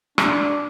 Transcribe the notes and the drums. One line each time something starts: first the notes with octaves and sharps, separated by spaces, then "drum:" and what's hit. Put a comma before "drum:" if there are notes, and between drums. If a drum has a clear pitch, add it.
D4, drum: rim click